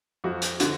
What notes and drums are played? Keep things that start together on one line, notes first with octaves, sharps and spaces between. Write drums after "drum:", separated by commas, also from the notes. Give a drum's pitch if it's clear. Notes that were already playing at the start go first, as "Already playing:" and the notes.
F2 F#4
drum: hi-hat
D3 F#4, drum: hi-hat